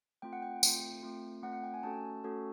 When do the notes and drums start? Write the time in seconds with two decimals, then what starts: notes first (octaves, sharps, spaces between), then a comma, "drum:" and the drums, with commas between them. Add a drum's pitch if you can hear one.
0.22 A3 C4 F4 G5
0.33 F#5
0.42 G5
0.63 A3 C4 F4, drum: tambourine
1.03 A3 C4 F4
1.43 A3 C4 F4 F#5
1.53 F#5
1.63 G5
1.74 G#5
1.83 A3 C#4 F#4 A4 A5
2.24 A3 C#4 F#4 A4